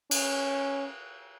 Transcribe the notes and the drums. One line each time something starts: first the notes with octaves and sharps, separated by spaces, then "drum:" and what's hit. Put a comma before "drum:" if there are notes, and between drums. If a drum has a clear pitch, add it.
C#4, drum: cymbal